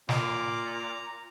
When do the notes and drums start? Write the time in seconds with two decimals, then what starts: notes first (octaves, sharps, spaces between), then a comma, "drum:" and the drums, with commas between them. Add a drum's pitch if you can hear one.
0.09 A#2 A#5 D6, drum: snare